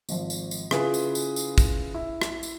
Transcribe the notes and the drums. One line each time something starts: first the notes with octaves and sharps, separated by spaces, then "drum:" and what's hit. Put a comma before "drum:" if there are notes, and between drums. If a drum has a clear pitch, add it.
G#1 F3, drum: tambourine
drum: tambourine
drum: tambourine
C#3 E4 F4 G#4 B4, drum: rim click
drum: tambourine
drum: tambourine
drum: tambourine
drum: kick, tambourine
E4
drum: rim click
drum: tambourine